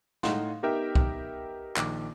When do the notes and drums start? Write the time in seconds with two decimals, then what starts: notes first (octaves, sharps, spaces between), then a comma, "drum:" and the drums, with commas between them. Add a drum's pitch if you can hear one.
0.23 A2 D#4 F5 F#5 C6, drum: snare
0.63 B3 D#4 G4 A#4 E5 G5
0.95 drum: kick
1.76 A#1 D#3 D6, drum: clap